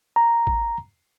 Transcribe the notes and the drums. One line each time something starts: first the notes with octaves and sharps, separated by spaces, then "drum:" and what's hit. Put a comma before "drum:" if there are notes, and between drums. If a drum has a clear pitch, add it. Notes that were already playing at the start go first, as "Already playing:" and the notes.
A#5
drum: kick